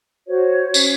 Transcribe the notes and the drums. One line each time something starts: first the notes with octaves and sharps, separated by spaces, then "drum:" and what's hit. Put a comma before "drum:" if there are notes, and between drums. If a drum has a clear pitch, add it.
F#4 C5 C#5
C#4, drum: tambourine